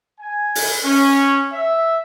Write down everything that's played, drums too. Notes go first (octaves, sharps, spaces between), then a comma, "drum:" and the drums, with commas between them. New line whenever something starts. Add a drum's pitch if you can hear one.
G#5
drum: open hi-hat
C#4
E5